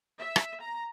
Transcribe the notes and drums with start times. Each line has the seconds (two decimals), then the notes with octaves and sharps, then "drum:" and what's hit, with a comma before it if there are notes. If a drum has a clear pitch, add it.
0.19 E5
0.36 drum: rim click
0.62 A#5